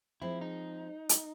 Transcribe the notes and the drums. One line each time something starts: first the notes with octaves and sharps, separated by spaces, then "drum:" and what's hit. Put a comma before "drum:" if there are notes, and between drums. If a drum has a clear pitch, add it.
F3 G#3 C4 E4
D#4
drum: hi-hat